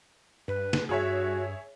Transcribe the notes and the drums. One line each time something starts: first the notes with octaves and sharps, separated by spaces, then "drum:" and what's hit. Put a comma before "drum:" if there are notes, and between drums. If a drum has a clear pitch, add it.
G2 B4
drum: snare
G2 F#4 G#4 C#5 E5